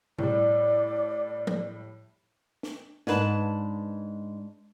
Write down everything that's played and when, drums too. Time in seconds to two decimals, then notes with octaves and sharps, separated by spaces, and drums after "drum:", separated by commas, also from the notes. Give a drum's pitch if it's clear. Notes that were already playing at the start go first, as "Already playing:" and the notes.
0.18 A2 G3 D5, drum: tom B2
1.47 drum: tom
2.63 drum: snare
3.07 G#2 D4 B4 A5, drum: snare